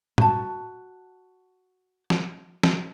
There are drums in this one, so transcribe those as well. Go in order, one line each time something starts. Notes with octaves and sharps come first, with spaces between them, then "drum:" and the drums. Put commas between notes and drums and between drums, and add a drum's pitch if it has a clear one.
F#4 A5, drum: tom
drum: snare F3
drum: snare F3